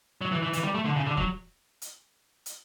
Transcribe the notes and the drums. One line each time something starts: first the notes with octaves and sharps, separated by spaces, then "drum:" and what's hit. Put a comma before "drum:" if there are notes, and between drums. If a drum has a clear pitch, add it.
F#3
E3
E3
E3, drum: hi-hat
G3
A3
D3
C#3
D3
F#3, drum: kick
drum: hi-hat
drum: hi-hat